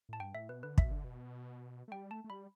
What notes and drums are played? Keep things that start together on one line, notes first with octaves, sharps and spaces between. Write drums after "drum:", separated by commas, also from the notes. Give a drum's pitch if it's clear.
A2 A5
G2 G5
A2 E5
B2 B4
D3 B4
B2 E5, drum: kick
D3
B2
A3
G3 G5
A3 A5
A3
G3 B5